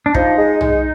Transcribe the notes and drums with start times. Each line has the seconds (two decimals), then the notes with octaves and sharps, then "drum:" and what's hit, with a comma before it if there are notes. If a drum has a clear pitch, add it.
0.06 D4
0.14 F3 D#4, drum: kick
0.38 G#3
0.61 G#3, drum: tom